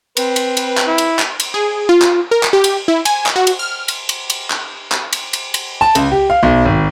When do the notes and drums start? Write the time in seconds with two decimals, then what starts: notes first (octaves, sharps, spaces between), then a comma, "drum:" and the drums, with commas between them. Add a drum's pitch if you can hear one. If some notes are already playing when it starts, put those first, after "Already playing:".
0.17 C4 B4, drum: cymbal
0.36 drum: cymbal
0.57 drum: cymbal
0.78 drum: clap
0.87 E4
0.98 drum: cymbal
1.19 drum: clap
1.40 drum: cymbal
1.54 G#4
1.89 F4
2.02 drum: clap
2.31 A#4
2.43 drum: clap
2.53 G4
2.64 drum: cymbal
2.88 E4
3.05 G#5, drum: cymbal
3.26 drum: clap
3.36 F#4
3.47 drum: cymbal
3.59 F6
3.88 drum: cymbal
4.09 drum: cymbal
4.30 drum: cymbal
4.50 drum: clap
4.92 drum: clap
5.13 drum: cymbal
5.33 drum: cymbal
5.54 drum: cymbal
5.81 A5
5.95 C#2, drum: cymbal
6.12 G4
6.30 F5
6.43 B1
6.65 G#1